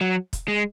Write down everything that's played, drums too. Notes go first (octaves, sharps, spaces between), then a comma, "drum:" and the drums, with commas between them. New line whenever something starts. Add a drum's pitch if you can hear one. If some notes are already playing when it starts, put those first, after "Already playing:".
F#3
drum: kick, hi-hat
G#3